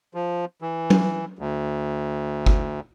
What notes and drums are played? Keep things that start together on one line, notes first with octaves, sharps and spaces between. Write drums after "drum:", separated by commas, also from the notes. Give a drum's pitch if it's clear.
F3
E3
drum: tom
D2
drum: kick G1